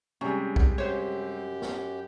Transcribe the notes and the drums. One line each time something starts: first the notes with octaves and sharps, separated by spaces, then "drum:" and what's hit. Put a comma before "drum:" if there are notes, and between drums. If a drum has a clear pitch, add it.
C3 G3 G#3 C#4
drum: kick B1
F#2 G4 C5 C#5
drum: snare